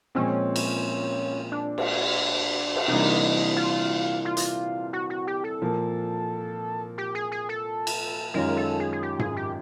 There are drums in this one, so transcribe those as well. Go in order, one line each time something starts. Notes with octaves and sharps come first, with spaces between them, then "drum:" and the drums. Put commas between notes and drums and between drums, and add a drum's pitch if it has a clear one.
A#2 F3 G#3 C4 C#4
drum: cymbal
D4
drum: cymbal
drum: cymbal
C3 E3 G3 A#3 D4 D#4
F4
F4
drum: hi-hat
F#4
F#4
G4
A4
A#2 F3 A#3
G4
G#4
G#4
A4
drum: cymbal
F#2 D#3 G#3 C#4 F4 A#4
A4
G#4
G#4
G4
G#4, drum: tom G#2
G4